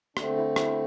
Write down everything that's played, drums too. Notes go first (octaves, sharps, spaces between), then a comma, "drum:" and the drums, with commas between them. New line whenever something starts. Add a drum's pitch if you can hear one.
D3 A3 C4 D4, drum: rim click
E4
E4, drum: rim click